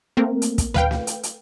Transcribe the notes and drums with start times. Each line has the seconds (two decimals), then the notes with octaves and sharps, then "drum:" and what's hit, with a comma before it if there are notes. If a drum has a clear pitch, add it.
0.17 A3 A#3 C4 A#4
0.42 drum: hi-hat
0.58 drum: kick, hi-hat
0.74 B4 F5 G5, drum: tom D2
0.91 drum: snare
1.07 drum: hi-hat
1.23 drum: hi-hat